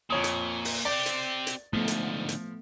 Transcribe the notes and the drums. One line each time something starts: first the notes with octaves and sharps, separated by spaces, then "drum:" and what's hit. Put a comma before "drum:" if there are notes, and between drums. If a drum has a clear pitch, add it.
F2 A#2 C#5 D#6
drum: hi-hat
drum: open hi-hat
C4 G4 D5
drum: hi-hat
drum: hi-hat
D2 G#2 F3 A3 B3
drum: hi-hat
drum: hi-hat